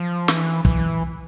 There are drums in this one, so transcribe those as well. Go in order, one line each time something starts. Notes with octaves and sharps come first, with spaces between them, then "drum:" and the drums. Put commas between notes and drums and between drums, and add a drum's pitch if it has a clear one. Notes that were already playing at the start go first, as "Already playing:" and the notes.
Already playing: F3
E3, drum: snare
E3, drum: kick